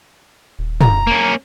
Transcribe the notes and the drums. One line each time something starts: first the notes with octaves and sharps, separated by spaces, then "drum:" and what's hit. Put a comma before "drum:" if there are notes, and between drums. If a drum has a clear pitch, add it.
D#1
A#5, drum: tom
A#3 C#4